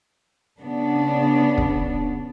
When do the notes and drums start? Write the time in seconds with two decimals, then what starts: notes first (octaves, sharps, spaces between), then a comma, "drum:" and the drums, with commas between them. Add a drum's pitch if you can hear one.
0.60 C#3 B3 D4
1.58 drum: kick